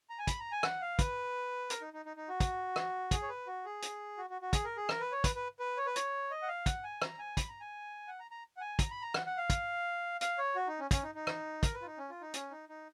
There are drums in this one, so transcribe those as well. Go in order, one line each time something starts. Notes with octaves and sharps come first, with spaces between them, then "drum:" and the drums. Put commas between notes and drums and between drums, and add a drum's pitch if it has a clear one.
A#5
G#5
B5, drum: kick, hi-hat
A#5
G#5
F#5, drum: rim click
F5
B4, drum: kick, hi-hat
A#4, drum: hi-hat
D#4
D#4
D#4
D#4
F#4
drum: kick, hi-hat
drum: rim click
G#4, drum: kick, hi-hat
C#5
B4
F#4
G#4
drum: hi-hat
F#4
F#4
F#4
G#4, drum: kick, hi-hat
A#4
G#4
A#4, drum: rim click
B4
C#5
B4, drum: kick, hi-hat
B4
B4
C#5
B4
C#5, drum: hi-hat
D#5
F#5
F5
F#5, drum: kick, hi-hat
G#5
A#5, drum: rim click
G#5
B5, drum: kick, hi-hat
A#5
G#5
F#5
A#5
A#5
F#5
G#5
A#5, drum: kick, hi-hat
B5
A#5
F#5, drum: rim click
F#5
F5
drum: kick, hi-hat
F5, drum: hi-hat
C#5
F#4
D#4
C#4
C#4, drum: kick, hi-hat
D#4
D#4
drum: rim click
A#4, drum: kick, hi-hat
B4
F4
D#4
C#4
F4
D#4
C#4, drum: hi-hat
D#4
D#4